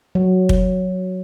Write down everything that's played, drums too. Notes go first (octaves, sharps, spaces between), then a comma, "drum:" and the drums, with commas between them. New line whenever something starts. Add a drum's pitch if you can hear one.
F#3
drum: kick